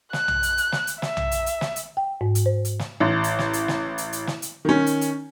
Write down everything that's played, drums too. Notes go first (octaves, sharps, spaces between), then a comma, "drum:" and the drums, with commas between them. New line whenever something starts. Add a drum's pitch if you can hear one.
F#6, drum: snare
drum: tom B1
drum: hi-hat
drum: hi-hat
drum: snare
drum: hi-hat
E5, drum: snare
drum: tom B1
drum: hi-hat
drum: hi-hat
drum: snare
drum: hi-hat
G5
G#2
drum: hi-hat
C5
drum: hi-hat
drum: snare
A1
drum: hi-hat
drum: snare
drum: hi-hat
drum: snare
drum: hi-hat
drum: hi-hat
drum: snare
drum: hi-hat
D#3 C#4
drum: hi-hat
drum: hi-hat